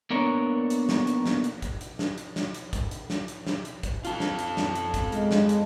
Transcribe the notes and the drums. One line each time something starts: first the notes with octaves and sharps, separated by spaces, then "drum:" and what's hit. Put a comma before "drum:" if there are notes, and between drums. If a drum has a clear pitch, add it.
A#3 B3 D4 A#4 C#5
drum: hi-hat
drum: snare
drum: hi-hat
drum: snare
drum: hi-hat
drum: kick, hi-hat
drum: hi-hat
drum: snare
drum: hi-hat
drum: snare
drum: hi-hat
drum: kick, hi-hat
drum: hi-hat
drum: snare
drum: hi-hat
drum: snare
drum: hi-hat
drum: kick, hi-hat
F4 A4, drum: hi-hat
drum: snare
drum: hi-hat
drum: snare
drum: hi-hat
drum: kick, hi-hat
G#3, drum: hi-hat
drum: snare
drum: hi-hat